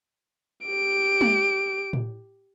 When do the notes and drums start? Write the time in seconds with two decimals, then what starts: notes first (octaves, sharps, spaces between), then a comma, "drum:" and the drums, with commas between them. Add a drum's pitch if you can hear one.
0.67 G4 D7
1.21 drum: tom G#3
1.93 drum: tom A2